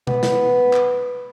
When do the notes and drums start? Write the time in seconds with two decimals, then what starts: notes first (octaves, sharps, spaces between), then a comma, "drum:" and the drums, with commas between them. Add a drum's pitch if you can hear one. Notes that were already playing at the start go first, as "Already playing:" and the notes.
0.07 B3, drum: tom B2
0.23 drum: snare
0.73 drum: clap